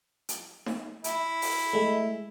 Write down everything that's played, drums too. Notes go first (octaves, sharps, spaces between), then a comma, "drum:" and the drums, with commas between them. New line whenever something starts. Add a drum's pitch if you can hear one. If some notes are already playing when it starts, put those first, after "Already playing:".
drum: hi-hat
drum: snare D#4
E4, drum: hi-hat
drum: open hi-hat
G#3 A3